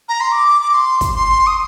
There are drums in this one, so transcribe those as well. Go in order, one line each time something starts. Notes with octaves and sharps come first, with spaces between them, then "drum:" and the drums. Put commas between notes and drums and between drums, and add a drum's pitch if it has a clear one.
A#5
C6
D6
D6
C6
drum: kick, hi-hat
C6
D#6